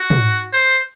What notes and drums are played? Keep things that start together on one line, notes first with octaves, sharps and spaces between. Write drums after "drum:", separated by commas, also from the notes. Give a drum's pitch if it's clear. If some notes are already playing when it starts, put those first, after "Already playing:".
Already playing: F#4
drum: tom
C5